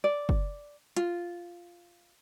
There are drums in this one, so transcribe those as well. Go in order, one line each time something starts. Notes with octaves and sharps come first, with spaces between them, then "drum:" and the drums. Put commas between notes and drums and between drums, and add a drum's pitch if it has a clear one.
D5
drum: kick
F4, drum: hi-hat